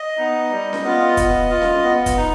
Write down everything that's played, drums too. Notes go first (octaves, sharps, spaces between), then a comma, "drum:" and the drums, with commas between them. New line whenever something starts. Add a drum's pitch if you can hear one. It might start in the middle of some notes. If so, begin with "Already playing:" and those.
Already playing: D#5
B3 D#4
G3
drum: snare C#4
B3 F4
B3, drum: kick, hi-hat
F4
drum: snare C#4
B3
drum: kick, hi-hat
D#4